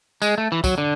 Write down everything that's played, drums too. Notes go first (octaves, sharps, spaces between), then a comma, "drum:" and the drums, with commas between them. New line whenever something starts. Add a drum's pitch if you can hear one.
G#3, drum: tambourine
A3
E3
F#3, drum: kick, tambourine
D3